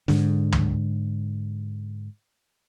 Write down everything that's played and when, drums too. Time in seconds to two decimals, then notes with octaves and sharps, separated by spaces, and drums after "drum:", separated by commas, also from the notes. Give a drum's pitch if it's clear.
0.08 G#2 D3, drum: snare
0.52 drum: tom